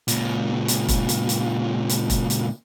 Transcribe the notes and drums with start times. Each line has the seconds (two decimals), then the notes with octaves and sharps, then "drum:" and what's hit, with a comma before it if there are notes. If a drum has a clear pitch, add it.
0.08 C#2 A#2, drum: hi-hat
0.68 drum: hi-hat
0.88 drum: kick E1, hi-hat
1.09 drum: hi-hat
1.29 drum: hi-hat
1.89 drum: hi-hat
2.10 drum: kick E1, hi-hat
2.30 drum: hi-hat